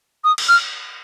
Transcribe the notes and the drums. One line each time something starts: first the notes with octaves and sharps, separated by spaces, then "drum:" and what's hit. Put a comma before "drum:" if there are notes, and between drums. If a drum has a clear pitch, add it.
D#6
drum: cymbal
F6